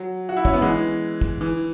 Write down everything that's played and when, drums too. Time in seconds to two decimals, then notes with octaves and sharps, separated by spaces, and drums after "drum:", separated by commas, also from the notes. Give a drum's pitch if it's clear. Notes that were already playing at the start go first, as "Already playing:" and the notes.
Already playing: F#3
0.29 F#4
0.37 E4
0.45 C#4, drum: kick
0.53 B3
0.62 E3 G#3
1.21 drum: kick
1.41 E3